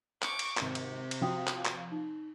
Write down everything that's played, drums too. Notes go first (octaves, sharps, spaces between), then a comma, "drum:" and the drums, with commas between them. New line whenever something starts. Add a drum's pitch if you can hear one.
C#6 D6, drum: clap
drum: cymbal
G#1 C3 G6, drum: clap
drum: cymbal
drum: cymbal
F3 F#4 G5 D#6
drum: clap
drum: clap
D#4